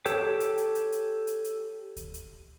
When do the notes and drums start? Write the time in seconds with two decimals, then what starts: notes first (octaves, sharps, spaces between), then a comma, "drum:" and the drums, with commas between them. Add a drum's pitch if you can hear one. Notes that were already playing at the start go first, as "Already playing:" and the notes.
0.05 G4 A4 C#5 G5, drum: hi-hat
0.40 drum: hi-hat
0.58 drum: hi-hat
0.75 drum: hi-hat
0.92 drum: hi-hat
1.27 drum: hi-hat
1.44 drum: hi-hat
1.96 drum: kick D2, hi-hat
2.14 drum: hi-hat